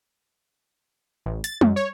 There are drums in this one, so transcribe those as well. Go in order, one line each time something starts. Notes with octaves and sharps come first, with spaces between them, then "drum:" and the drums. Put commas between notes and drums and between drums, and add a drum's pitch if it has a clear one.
A1
A6, drum: hi-hat
F#2, drum: tom G3
C#5